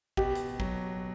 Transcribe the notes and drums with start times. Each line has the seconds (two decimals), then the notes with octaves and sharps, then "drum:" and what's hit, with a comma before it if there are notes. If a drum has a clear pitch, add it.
0.17 B2 G4, drum: kick
0.35 drum: hi-hat
0.60 F#3, drum: kick